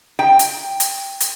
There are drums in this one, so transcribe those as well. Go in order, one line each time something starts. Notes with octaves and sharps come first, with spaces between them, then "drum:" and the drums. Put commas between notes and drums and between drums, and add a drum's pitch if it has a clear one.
G5
drum: hi-hat
drum: hi-hat
drum: hi-hat